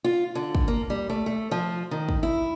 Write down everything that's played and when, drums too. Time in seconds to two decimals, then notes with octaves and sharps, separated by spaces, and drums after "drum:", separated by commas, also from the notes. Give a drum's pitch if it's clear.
0.04 F4
0.35 D3
0.55 drum: kick
0.68 A#3
0.90 G3
1.10 A3
1.26 A3
1.51 F3
1.91 D#3
2.09 drum: kick
2.23 E4